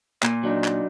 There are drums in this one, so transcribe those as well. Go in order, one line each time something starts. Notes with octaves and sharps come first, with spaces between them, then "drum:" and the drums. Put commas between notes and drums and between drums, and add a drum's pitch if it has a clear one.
A#2, drum: clap
F#3 D4 D#4
drum: clap